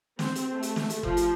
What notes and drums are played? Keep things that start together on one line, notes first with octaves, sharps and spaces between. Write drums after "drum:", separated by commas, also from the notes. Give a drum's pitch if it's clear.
C4, drum: snare
drum: hi-hat
A3
drum: hi-hat
drum: snare
drum: hi-hat
F3, drum: kick
drum: hi-hat